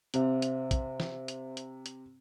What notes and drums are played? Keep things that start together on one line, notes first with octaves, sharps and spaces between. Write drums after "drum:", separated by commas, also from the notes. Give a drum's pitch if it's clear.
C3 C4 C5 E5, drum: hi-hat
drum: hi-hat
drum: kick, hi-hat
drum: snare
drum: hi-hat
drum: hi-hat
drum: hi-hat